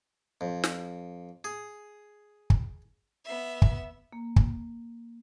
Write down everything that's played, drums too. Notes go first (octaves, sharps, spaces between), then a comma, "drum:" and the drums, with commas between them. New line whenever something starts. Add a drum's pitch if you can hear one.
F2
drum: snare
G#4
drum: kick
B3 E5
drum: kick
A#3
drum: kick